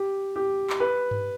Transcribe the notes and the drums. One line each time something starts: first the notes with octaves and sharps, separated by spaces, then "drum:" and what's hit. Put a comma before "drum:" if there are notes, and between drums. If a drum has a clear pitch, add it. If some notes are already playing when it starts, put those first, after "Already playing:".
Already playing: G4
G4
drum: clap
B4
drum: tom G2